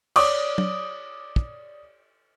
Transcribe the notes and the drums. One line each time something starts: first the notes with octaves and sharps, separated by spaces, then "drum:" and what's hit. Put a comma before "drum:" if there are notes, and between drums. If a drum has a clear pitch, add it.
C#5 D5 D6 D#6, drum: cymbal
drum: tom
drum: kick